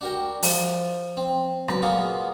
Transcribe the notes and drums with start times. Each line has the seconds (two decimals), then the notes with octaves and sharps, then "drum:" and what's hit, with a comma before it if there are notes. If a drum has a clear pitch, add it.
0.01 D4 F#4 A#4 G5
0.43 F3, drum: open hi-hat
1.17 C4
1.68 F#2 B4 D6, drum: rim click
1.82 A#2 A#3 B3 F4 G#4